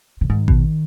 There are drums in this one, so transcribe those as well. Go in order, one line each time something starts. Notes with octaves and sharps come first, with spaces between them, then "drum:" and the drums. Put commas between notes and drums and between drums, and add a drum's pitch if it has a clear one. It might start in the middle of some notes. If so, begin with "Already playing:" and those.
C#3
G#2 D#3
B2, drum: kick A1